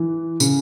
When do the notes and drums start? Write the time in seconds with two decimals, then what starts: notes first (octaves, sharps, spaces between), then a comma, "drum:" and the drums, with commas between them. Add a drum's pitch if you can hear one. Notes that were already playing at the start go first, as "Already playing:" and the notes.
Already playing: E3
0.40 C#3, drum: tambourine